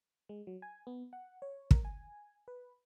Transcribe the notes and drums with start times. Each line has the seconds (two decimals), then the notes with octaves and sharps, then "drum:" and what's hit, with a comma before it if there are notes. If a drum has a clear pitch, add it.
0.29 G#3
0.47 F#3
0.62 G#5
0.87 B3
1.13 F#5
1.42 C#5
1.71 A#4, drum: kick
1.85 G#5
2.48 B4